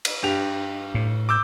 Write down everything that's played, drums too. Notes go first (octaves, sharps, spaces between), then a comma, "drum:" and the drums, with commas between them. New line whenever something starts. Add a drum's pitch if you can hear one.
drum: cymbal
G2 G4 F7
A2
D6 E6 G6